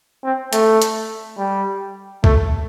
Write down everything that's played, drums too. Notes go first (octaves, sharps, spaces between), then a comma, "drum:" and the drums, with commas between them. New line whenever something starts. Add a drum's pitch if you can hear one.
C4
A3, drum: hi-hat
drum: hi-hat
G3
A3, drum: kick C2